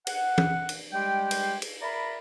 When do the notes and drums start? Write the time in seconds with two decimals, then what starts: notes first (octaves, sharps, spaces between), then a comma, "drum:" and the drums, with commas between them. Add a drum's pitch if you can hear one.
0.07 F#5, drum: cymbal
0.38 drum: tom
0.69 drum: cymbal
0.93 G3 G#3 G4 G5
1.31 drum: cymbal
1.62 drum: cymbal
1.82 A#4 D5 E5 A#5 B5